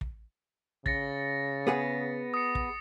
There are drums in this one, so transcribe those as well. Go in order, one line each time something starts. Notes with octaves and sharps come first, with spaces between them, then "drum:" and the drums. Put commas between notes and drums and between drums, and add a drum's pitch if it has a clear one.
drum: kick
C#3 A6 A#6 C#7, drum: kick
B3 G#4 F#5
D#6 C#7
drum: kick